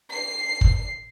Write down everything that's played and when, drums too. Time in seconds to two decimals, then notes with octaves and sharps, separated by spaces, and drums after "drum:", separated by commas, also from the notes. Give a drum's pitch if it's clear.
0.11 C7
0.61 drum: kick